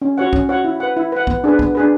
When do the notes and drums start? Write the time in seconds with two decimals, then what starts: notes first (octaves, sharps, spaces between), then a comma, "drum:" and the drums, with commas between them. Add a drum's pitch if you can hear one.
0.02 C#4
0.18 F#4 C#5 F#5
0.33 C#4, drum: kick B1
0.49 F#4 C#5 F#5
0.64 E4
0.80 B4 F#5
0.97 E4
1.12 B4 F#5
1.27 B3, drum: kick B1
1.44 D4 G#4 B4
1.59 B3, drum: kick B1
1.75 D4 G#4 B4